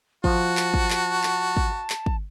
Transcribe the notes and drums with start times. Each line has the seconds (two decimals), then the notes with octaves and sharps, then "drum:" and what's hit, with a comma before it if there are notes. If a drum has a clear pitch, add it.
0.24 F3 F#4 A5, drum: kick
0.57 drum: clap
0.74 drum: kick
0.90 drum: clap
1.23 drum: clap
1.57 drum: kick
1.90 drum: clap
2.06 drum: kick